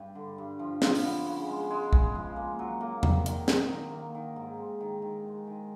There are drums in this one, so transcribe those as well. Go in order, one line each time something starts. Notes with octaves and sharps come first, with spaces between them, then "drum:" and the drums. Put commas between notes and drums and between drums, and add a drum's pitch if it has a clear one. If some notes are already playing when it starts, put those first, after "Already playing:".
Already playing: G2 G3
D3
G2
F3
F3, drum: snare
drum: open hi-hat
B3
C#3
G#3
G#3
G#3, drum: kick B1
F3
A#3
F#3
A#3
D#3, drum: tom E2
D#3, drum: hi-hat
D#3, drum: snare
D#3
A#3
D#3
G#2
C4
D#3
D#3
G#3
D#3